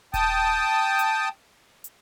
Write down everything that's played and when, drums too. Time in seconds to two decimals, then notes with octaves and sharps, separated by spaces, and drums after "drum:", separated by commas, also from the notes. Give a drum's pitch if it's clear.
0.14 G5 A5 D#6, drum: kick D#1, hi-hat
0.99 drum: hi-hat
1.84 drum: hi-hat